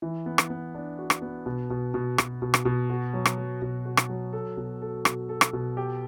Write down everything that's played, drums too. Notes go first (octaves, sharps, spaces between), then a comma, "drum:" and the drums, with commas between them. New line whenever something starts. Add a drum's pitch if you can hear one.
E3
B3
drum: rim click
B3
D4
F#4
drum: rim click
B3
B2
B2
B2
B2, drum: rim click
B2
drum: rim click
B2
F#4
F#3
drum: rim click
F#3
B2
F#4
drum: rim click
F#3
A4
B2
A4
B2, drum: rim click
A4
drum: rim click
B2
G4